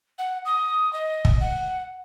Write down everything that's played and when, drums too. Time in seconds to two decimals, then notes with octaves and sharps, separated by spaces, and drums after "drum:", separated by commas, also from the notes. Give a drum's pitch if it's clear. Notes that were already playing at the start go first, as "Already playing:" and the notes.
0.18 F#5
0.45 D#6
0.93 D#5
1.25 drum: kick
1.40 F#5